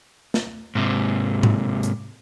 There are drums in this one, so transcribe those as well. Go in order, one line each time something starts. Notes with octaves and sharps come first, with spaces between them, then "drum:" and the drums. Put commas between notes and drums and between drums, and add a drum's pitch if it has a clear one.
drum: snare
G#2 C3
drum: tom G#2
drum: hi-hat